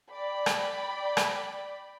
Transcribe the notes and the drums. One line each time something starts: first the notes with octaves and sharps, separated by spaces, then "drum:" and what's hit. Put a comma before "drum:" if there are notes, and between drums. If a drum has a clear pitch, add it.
D5 G5 B5
drum: rim click
drum: rim click